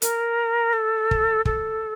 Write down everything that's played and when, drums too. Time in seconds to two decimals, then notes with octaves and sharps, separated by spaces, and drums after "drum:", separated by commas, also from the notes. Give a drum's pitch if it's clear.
0.02 A#4, drum: hi-hat
0.73 A4
1.11 drum: kick
1.45 A4, drum: kick